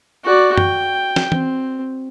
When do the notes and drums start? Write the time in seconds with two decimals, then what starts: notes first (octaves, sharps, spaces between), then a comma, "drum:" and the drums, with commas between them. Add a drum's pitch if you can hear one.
0.25 F#4 D5
0.58 G5, drum: tom F#2
1.16 drum: snare
1.32 C4, drum: tom